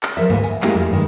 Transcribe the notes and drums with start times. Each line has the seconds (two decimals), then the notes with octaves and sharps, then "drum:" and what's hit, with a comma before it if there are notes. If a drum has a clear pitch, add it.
0.03 drum: clap
0.17 F3 A#4 E5
0.30 D2 G#2 E3 A#3
0.44 G#5, drum: tambourine
0.62 G#3 A#3 E4 G4 G#4, drum: clap
0.74 F2
0.91 G2 D#3 G#3